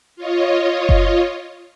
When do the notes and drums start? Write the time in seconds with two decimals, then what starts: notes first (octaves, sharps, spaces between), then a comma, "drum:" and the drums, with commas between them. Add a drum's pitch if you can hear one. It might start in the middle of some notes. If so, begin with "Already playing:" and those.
0.16 F4 C#5 D#5
0.89 drum: kick F#1